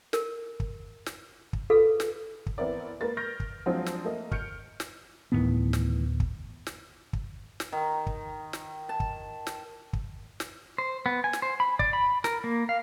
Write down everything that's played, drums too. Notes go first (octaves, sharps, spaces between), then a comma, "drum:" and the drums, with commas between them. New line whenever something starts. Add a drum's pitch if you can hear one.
A#4, drum: snare
drum: kick
drum: snare
drum: kick
F4 G#4 A4 B4 F5
drum: snare
drum: kick
E3 B3 C4 E4 A#4 D5
A#3 A#4 B4 A6
F6 G6 A#6 D7
drum: kick
F3 F#3 G#3 C4 D4 F4
drum: snare
A3 A#3 D#5
F6 G6 C#7 D7, drum: kick
drum: snare
D1 E2 A2 D#3 E3 B3
drum: snare
drum: kick
drum: snare
drum: kick
drum: snare
D#3
drum: kick
drum: snare
A5
drum: kick
drum: snare
drum: kick
drum: snare
C5
B3
G#5
drum: snare
C5
B5
D5, drum: kick
B5
A#4, drum: snare
A#3
F5